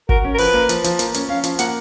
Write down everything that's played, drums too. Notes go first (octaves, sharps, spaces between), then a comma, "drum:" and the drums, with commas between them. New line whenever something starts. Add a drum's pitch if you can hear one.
F#4 A#4, drum: kick
C#4
A#4
F3 B4, drum: open hi-hat
A#3
F3, drum: hi-hat
F3, drum: hi-hat
A#3, drum: hi-hat
C#4, drum: hi-hat
C#4 F5
F3, drum: hi-hat
A#3 F#5, drum: hi-hat